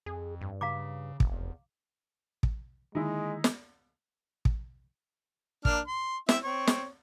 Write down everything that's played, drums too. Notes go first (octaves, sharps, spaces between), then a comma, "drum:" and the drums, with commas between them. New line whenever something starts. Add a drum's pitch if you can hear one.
F2 G#4
G2
C#3 F5 A#5 D6
F1, drum: kick
E2
drum: kick
D3 D#3 G#3 A#3 D#4 E4
drum: snare
drum: kick
A#3 D4 F6, drum: kick
C6
C4 E4 E5, drum: snare
C4 C#5
drum: snare